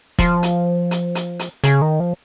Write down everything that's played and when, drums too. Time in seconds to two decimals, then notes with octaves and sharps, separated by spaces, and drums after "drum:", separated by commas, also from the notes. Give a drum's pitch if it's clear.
0.19 F3, drum: kick, hi-hat
0.43 drum: hi-hat
0.91 drum: hi-hat
1.15 drum: hi-hat
1.39 drum: hi-hat
1.64 C#3, drum: hi-hat
1.82 D#3
2.00 F3